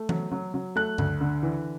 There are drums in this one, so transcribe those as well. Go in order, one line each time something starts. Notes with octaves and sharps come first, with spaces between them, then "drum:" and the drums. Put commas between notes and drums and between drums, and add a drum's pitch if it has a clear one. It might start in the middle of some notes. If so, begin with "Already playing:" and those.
Already playing: A3
F#3, drum: tom E3
F#3
F#3
A3 F#6
D2, drum: tom G2
D3
E3